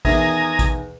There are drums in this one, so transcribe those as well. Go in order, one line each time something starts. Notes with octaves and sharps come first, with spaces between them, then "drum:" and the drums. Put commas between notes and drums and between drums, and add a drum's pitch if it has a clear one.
E2 D#3 E5 G#5 A#5 D#6, drum: kick A1, open hi-hat
drum: kick A1, hi-hat